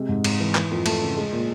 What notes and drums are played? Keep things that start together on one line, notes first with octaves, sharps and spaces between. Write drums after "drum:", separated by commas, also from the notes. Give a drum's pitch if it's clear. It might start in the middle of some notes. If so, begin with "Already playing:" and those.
Already playing: C3 G#3
G#2
G#2, drum: cymbal
E3
E3, drum: clap
F2
A3, drum: cymbal
C#3
G#3
A#2